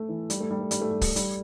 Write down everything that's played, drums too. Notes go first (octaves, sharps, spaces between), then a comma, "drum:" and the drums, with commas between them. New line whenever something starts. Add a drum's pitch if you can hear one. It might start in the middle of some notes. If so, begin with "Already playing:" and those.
Already playing: A3
E3
G3, drum: hi-hat
A3
G3
A3
G3, drum: hi-hat
A3
G3
drum: kick C#1, open hi-hat
G3, drum: hi-hat